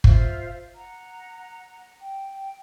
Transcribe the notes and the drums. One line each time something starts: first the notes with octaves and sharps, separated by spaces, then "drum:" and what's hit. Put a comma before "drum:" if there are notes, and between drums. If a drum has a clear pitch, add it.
F4 C5 E5 F5, drum: kick
F#5 A#5
G5